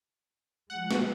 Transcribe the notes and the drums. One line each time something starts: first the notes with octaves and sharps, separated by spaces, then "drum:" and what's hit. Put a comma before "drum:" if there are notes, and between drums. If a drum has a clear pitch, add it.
F3 G#3 F#5
drum: snare